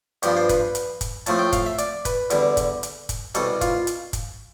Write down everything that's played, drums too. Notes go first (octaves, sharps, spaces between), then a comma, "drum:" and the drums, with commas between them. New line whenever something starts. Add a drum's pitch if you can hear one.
G2 F3 B3 D4 G4, drum: hi-hat
C5
B4, drum: kick, hi-hat
drum: hi-hat
drum: kick, hi-hat
A2 F3 A3 C4 A5, drum: hi-hat
G5
F5, drum: kick, hi-hat
E5
D5, drum: hi-hat
B4, drum: kick, hi-hat
E2 D3 G3, drum: hi-hat
drum: kick, hi-hat
drum: hi-hat
drum: kick, hi-hat
C2 B2 G3 A4, drum: hi-hat
F4, drum: kick, hi-hat
drum: hi-hat
drum: kick, hi-hat